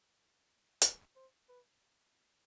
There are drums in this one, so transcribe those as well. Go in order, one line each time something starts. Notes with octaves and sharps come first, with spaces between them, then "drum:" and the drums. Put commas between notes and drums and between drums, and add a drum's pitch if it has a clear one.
B4, drum: hi-hat
C5
B4